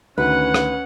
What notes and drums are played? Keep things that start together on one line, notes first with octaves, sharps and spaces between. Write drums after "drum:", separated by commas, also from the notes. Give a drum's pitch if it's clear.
D2 D#3 C#4 B4 F#5 F#6
drum: rim click